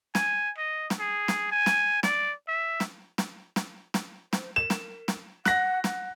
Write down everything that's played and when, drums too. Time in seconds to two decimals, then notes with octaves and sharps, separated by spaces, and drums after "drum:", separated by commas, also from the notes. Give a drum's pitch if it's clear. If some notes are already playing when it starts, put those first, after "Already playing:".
0.15 G#5, drum: snare
0.58 D#5
0.90 drum: snare
1.00 G#4
1.28 drum: snare
1.52 G#5
1.66 drum: snare
2.03 D5, drum: snare
2.48 E5
2.80 drum: snare
3.18 drum: snare
3.56 drum: snare
3.94 drum: snare
4.33 C5, drum: snare
4.56 A#4 E7
4.70 drum: snare
5.08 drum: snare
5.45 F#5 F#6 A#6, drum: snare
5.84 F#5, drum: snare